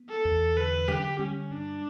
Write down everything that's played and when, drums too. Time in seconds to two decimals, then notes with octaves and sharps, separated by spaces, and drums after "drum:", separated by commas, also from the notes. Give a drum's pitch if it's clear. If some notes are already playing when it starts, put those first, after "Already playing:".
Already playing: B3
0.09 A4
0.25 E2
0.57 D3 B4
0.88 D3 G4, drum: tom F#3
1.19 G3 C#4
1.51 G2 D4